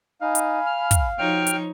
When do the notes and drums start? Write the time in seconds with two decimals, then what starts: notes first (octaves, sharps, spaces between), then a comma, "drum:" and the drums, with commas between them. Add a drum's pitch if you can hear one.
0.22 D#4 F5 G#5 B5
0.35 drum: hi-hat
0.66 F6
0.91 drum: kick, hi-hat
1.19 F3 D#4 F#4 C#5 G5 F6
1.47 drum: hi-hat